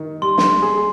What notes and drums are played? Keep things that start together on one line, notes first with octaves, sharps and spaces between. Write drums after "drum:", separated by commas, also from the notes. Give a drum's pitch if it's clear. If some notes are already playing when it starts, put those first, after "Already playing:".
Already playing: D#3
G3 C6
drum: snare
G#4